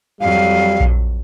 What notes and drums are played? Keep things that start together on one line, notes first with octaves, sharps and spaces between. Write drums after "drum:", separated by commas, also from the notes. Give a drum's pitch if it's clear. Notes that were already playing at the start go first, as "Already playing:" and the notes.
F2 F#3 G3 F5
drum: kick A#1